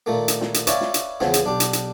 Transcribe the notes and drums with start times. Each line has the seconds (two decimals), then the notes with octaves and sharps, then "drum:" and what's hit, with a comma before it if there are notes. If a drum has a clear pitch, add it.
0.06 A#2 D#3 A3 A#3
0.28 drum: hi-hat
0.41 drum: snare
0.54 drum: hi-hat
0.67 B4 C#5 D5 E5 F5 G#5, drum: hi-hat
0.81 drum: snare
0.94 drum: hi-hat
1.20 E2 C#3 E3 F3 B3 C4, drum: snare
1.34 drum: hi-hat
1.44 B1 D4 G4
1.60 drum: hi-hat
1.73 drum: hi-hat